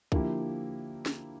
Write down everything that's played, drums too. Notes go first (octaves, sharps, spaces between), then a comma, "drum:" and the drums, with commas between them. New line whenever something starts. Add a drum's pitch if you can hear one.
D3 F3 A#3 E4 G4, drum: kick
drum: snare